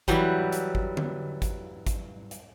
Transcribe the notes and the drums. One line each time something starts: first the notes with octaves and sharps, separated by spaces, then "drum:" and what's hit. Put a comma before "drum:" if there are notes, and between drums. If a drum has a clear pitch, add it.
E3 F#3 G3, drum: kick G#1, hi-hat
drum: hi-hat
drum: kick G#1
drum: tom D3
drum: kick G#1, hi-hat
drum: kick G#1, hi-hat
drum: hi-hat